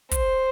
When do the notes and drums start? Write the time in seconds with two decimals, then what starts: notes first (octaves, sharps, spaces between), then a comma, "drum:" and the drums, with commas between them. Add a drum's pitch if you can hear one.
0.11 C5, drum: kick, hi-hat